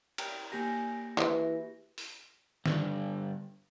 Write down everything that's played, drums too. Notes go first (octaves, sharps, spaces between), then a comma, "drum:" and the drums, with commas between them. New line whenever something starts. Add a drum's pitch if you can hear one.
G4 A#5, drum: cymbal
A#3 G4 G#5 A#6
E3 F#4 G#4 B4, drum: clap
drum: open hi-hat
G2 D3, drum: snare